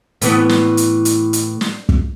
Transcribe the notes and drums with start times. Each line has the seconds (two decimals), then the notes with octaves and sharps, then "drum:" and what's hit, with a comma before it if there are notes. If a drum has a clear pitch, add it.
0.22 A2 E3 B3, drum: hi-hat
0.49 drum: snare
0.77 drum: hi-hat
1.05 drum: hi-hat
1.33 drum: hi-hat
1.61 drum: snare
1.89 drum: kick